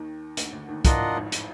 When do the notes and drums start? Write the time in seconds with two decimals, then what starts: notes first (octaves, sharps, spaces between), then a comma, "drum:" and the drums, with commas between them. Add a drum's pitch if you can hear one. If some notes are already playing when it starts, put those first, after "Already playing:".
Already playing: D#2 D#3
0.37 D2 D3, drum: hi-hat
0.53 D2 D3
0.69 D#2 D#3
0.85 A1 A2 D4 F4 A#4 D#5 F#5, drum: kick C2, hi-hat
1.01 F2
1.17 G#1 G#2
1.32 drum: hi-hat